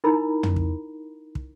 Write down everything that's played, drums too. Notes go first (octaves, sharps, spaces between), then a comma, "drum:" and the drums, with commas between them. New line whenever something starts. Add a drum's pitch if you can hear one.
D#4 E4 A#4 A#5 B5
drum: tom
drum: kick
drum: kick